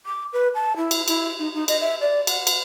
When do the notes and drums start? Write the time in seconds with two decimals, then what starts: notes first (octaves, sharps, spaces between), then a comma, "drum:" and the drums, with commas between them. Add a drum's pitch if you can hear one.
0.06 D6
0.33 B4
0.54 A5
0.76 E4
0.91 drum: cymbal
1.08 E4, drum: cymbal
1.39 D#4
1.54 D#4
1.68 D#5, drum: cymbal
1.81 E5
2.00 D5
2.27 F#5, drum: cymbal
2.47 drum: cymbal